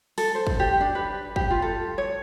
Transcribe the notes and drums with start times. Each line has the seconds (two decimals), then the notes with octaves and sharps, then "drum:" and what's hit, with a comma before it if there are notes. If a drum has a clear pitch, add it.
0.18 A4, drum: open hi-hat
0.35 C5
0.47 drum: kick
0.60 G4
0.81 D4
0.95 B4
1.36 G4, drum: kick
1.50 F4
1.62 A4
1.98 C#5